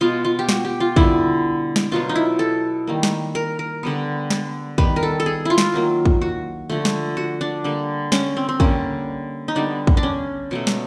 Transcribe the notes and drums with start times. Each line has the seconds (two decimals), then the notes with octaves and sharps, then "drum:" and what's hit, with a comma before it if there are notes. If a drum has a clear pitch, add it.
0.01 B2 G#3 B3 F4
0.25 F4
0.39 G4
0.49 F#4, drum: snare
0.65 G4
0.80 F4
0.96 D3 G3 B3 E4, drum: kick
1.76 drum: snare
1.92 B2 F#3 B3 F4
2.09 D#4
2.16 E4
2.39 A4
2.87 D#3 G3 A#3
3.03 drum: snare
3.35 A#4
3.59 A#4
3.83 D3 G3 B3
4.30 drum: snare
4.78 D#3 G3 B3 B4, drum: kick
4.96 A#4
5.03 A4
5.20 A4
5.26 G#4
5.45 E4 F4
5.58 drum: snare
5.74 D#3 F#3 A#3
6.05 drum: kick
6.22 F#4
6.70 D3 F3 A3
6.85 drum: snare
7.17 F#4
7.41 D4
7.64 D3 G3 A#3
8.12 C#4, drum: snare
8.37 C4
8.49 C4
8.60 D3 G3 A#3 C#4, drum: kick
9.48 D#4
9.55 D3 G3 B3 D4
9.87 drum: kick
9.97 D4
10.03 C#4
10.51 B2 F#3 A3
10.67 drum: snare